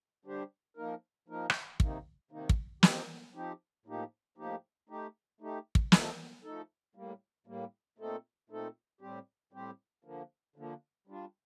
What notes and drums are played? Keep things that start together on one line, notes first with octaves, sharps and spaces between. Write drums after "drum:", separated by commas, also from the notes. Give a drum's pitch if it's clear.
D3 G3 D4 G4 C5
F3 A#3 D#4 A#4
F3 A#3 D#4 A#4
drum: rim click
C3 D#3 A#3 D#4, drum: kick
C3 D#3 A#3 D#4
drum: kick
F3 C4 D#4 G4, drum: snare
F3 C4 D#4 G4
A2 F3 A#3 D#4 G4
A2 F3 A#3 D#4 G4
A3 D#4 G4
A3 D#4 G4
drum: kick
F3 A3 D#4 A4, drum: snare
F3 A3 D#4 A4
A2 G3 A#3
A2 G3 A#3
A#2 A3 C4 D#4 A4
A#2 A3 C4 D#4 A4
A2 G3 C4 G4
A2 G3 C4 G4
D3 F3 A#3
D3 F3 A#3
G3 D4 F4